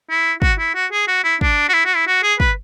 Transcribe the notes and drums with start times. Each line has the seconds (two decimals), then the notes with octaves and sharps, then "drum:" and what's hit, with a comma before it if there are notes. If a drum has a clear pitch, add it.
0.10 E4
0.42 F#4, drum: kick
0.59 E4
0.75 F#4
0.92 G#4
1.08 F#4
1.24 E4
1.41 D4, drum: kick
1.69 F#4
1.74 E4
1.85 F#4
1.96 E4
2.07 F#4
2.23 G#4
2.40 B4, drum: kick